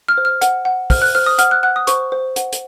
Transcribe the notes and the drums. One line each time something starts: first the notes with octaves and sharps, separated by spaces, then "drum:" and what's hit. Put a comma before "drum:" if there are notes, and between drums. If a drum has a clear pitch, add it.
F6
C5
F6
F#5, drum: hi-hat
F#5
C5 F6, drum: kick, open hi-hat
F#6
C5 F6
D#6
F#5 F6, drum: hi-hat
F#6
F#5 F#6
D#6
C5 C#6, drum: hi-hat
C5
F#5, drum: hi-hat
drum: hi-hat